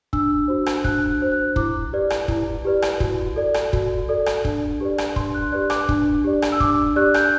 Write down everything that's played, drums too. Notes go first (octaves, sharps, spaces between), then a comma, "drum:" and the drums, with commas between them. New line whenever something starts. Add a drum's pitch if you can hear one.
D4 E6, drum: kick
F#4 C5
drum: rim click
D4 F#6, drum: kick
F#4 C5
F#6
E4 D6, drum: kick
G4 B4 D5
drum: rim click
E4, drum: kick
G4 B4 D5
drum: rim click
F#4, drum: kick
A4 D5
drum: rim click
F#4, drum: kick
A4 D5
drum: rim click
D4, drum: kick
G4 B4 D5
drum: rim click
D4 C6, drum: kick
F#6
G4 B4 D5 F#6
D6, drum: rim click
D4, drum: kick
G4 D5
drum: rim click
E6
D4 D6, drum: kick
G4 D5 F#6
G6, drum: rim click